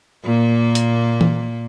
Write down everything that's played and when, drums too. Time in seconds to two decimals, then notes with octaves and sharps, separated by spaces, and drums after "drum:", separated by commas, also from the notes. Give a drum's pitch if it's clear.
0.24 A#2 A#3
0.75 drum: hi-hat
1.21 drum: tom E3